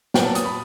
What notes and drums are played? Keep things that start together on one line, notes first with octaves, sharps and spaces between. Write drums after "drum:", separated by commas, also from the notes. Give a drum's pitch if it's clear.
A#2 F#3 B3 G5, drum: snare
A5
D#6, drum: hi-hat
B5